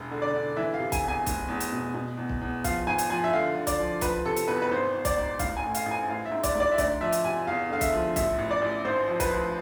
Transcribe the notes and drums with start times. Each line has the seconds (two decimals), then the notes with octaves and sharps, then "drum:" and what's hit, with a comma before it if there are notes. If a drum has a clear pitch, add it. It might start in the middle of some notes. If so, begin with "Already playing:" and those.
Already playing: E1
0.11 D3
0.22 D5
0.33 D3
0.57 E3 E5
0.74 F5
0.80 C3
0.92 G#5, drum: kick B1, hi-hat
1.04 E2 G#5
1.27 F1, drum: kick B1, hi-hat
1.48 E2
1.60 drum: hi-hat
1.72 B2
1.94 B2
2.17 E2
2.29 drum: kick B1
2.41 E2
2.64 F3 F5, drum: kick B1, hi-hat
2.87 G#1 G#5
2.98 drum: hi-hat
3.10 F3 G#5
3.24 E5
3.33 D3 F5
3.55 D3
3.67 D5, drum: kick B1, hi-hat
3.80 F3
4.01 F3 B4, drum: kick B1, hi-hat
4.26 C3 A4
4.36 drum: hi-hat
4.48 E2 B4
4.62 B4
4.71 G#1 C5
4.95 G#1
5.05 D5, drum: kick B1, hi-hat
5.17 G#2
5.39 A1 F5, drum: kick B1, hi-hat
5.57 G#5
5.63 A2
5.75 F5, drum: hi-hat
5.86 A1
5.91 G#5
6.08 A1 F5
6.26 E5
6.32 G#2
6.43 D5, drum: kick B1, hi-hat
6.55 G#2 D5
6.72 E5
6.78 D2 D5, drum: kick B1, hi-hat
7.01 F3 E5
7.13 drum: hi-hat
7.24 C3 G#5
7.47 E2 F5
7.70 D3 F5
7.81 E5, drum: kick B1, hi-hat
7.92 F3
8.16 A1 E5, drum: kick B1, hi-hat
8.39 A1
8.51 D5
8.62 A1
8.85 G#1 C5
9.08 F3
9.20 B4, drum: kick B1, hi-hat
9.31 F3